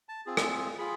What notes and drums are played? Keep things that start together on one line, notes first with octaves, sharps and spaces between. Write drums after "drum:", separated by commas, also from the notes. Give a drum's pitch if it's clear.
A5
C4 F4 G#4
drum: rim click
F4 G#4 B5